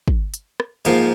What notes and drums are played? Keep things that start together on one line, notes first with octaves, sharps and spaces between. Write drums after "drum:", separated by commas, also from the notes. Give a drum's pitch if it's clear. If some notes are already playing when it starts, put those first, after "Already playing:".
drum: kick
drum: hi-hat
drum: rim click
G#2 F3 A#3, drum: hi-hat